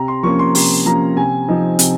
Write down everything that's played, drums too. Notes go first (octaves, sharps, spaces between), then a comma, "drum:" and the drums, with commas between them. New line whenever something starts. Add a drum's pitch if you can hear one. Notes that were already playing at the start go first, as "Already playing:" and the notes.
Already playing: C3 A#5
C6
F3 A#3 C#4 C#6
C6
C3 C6, drum: open hi-hat
F3 A#3 C#4 A#5
C3 G#5
F3 C4 D#4
C3, drum: hi-hat